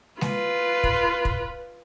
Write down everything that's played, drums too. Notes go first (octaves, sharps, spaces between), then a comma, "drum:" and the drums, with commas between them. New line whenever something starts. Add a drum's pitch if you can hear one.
F4 B4, drum: snare G#3
drum: kick
drum: kick